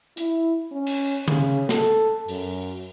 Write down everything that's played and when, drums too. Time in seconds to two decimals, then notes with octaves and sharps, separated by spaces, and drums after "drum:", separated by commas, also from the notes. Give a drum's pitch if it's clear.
0.17 E4, drum: hi-hat
0.72 C#4
0.87 drum: cymbal
1.28 C#3, drum: tom
1.69 A4, drum: snare
2.28 F#2, drum: open hi-hat